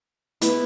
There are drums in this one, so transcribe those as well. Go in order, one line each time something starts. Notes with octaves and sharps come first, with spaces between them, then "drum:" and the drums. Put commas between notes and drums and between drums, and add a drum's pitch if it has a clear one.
B3 E4, drum: hi-hat